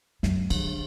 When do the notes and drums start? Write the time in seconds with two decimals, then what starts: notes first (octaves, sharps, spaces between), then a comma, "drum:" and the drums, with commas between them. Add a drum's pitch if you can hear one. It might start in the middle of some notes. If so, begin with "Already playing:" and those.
0.23 F#2, drum: snare
0.50 D3, drum: cymbal